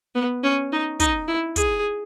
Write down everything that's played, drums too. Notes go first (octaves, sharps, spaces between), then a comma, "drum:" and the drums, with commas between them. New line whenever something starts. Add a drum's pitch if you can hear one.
B3
C#4
D#4
D#4, drum: kick, hi-hat
E4
G#4, drum: kick, hi-hat